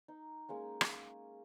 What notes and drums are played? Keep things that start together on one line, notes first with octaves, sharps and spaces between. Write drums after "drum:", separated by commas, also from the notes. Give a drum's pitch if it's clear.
D#4
G#3 A#3 C#4
drum: rim click